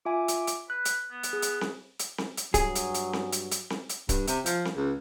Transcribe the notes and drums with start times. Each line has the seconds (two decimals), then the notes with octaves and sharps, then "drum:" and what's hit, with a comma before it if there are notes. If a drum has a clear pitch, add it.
0.05 F4 E5 G#5 D6
0.28 drum: hi-hat
0.47 drum: hi-hat
0.70 B4 F#6
0.85 drum: hi-hat
1.11 B3
1.23 drum: hi-hat
1.33 G#4
1.42 drum: hi-hat
1.61 drum: snare C4
1.99 drum: hi-hat
2.18 drum: snare C4
2.37 drum: hi-hat
2.54 G2 F#3 G#4, drum: kick C#1, hi-hat
2.75 drum: hi-hat
2.94 drum: hi-hat
3.13 drum: snare C4
3.32 drum: hi-hat
3.51 drum: hi-hat
3.70 drum: snare C4
3.89 drum: hi-hat
4.09 G2, drum: kick C#1, hi-hat
4.27 C3, drum: hi-hat
4.46 F3, drum: hi-hat
4.65 drum: snare C4
4.76 C#2